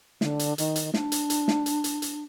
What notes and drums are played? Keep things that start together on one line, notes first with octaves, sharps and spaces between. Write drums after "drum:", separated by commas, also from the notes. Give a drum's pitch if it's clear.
D3, drum: snare
drum: hi-hat
D#3, drum: hi-hat
drum: hi-hat
D4, drum: snare
drum: hi-hat
drum: hi-hat
drum: snare
drum: hi-hat
drum: hi-hat
drum: hi-hat